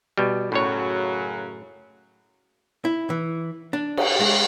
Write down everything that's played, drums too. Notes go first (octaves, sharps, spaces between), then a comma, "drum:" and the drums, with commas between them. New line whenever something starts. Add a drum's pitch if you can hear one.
B2 G3
F#2 A2 C#3 F#3 C#5
E4
E3
D4
drum: cymbal
G#3